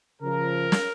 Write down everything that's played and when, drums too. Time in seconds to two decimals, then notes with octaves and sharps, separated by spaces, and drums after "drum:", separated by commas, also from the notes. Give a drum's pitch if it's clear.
0.22 C#3 F3 A#4
0.72 drum: snare